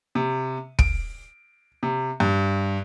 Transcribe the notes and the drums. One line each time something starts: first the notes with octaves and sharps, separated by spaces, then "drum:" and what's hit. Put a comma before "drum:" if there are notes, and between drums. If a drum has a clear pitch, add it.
C3
D7, drum: kick
C3
G2